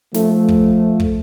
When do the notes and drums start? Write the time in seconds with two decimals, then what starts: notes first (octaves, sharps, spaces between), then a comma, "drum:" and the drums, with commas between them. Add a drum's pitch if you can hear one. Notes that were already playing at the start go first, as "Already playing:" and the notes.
0.14 F3 A3, drum: snare
0.48 drum: kick
1.00 drum: kick